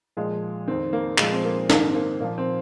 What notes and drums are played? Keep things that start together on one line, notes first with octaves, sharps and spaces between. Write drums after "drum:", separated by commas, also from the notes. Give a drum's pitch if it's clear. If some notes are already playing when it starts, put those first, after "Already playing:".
A#2 F3 G#3
F2 D#3 C4
A#3
A#2 F3 G#3, drum: clap
C4
A#3
G#2 D#3 A#3, drum: snare D4
C4
A#3
A#2 F3 A#3
C4